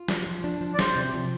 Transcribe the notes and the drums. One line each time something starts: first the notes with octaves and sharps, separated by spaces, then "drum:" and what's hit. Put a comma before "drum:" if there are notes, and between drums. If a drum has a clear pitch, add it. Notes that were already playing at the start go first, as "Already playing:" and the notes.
Already playing: F4
F3, drum: snare
F3
D4
F3
D5
F3 C5, drum: snare
C3
F3